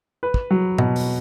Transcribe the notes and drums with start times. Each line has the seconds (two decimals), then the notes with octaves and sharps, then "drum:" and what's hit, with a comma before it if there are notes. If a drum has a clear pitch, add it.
0.23 B4
0.34 drum: kick
0.51 F#3
0.78 B2, drum: tom G#2
0.96 drum: open hi-hat